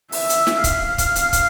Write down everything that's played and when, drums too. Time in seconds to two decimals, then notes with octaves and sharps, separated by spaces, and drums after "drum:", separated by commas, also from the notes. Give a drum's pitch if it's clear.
0.12 E5, drum: open hi-hat
0.29 drum: hi-hat
0.47 drum: snare
0.64 F5, drum: kick, hi-hat
0.98 drum: kick, hi-hat
1.15 drum: hi-hat
1.33 drum: kick, hi-hat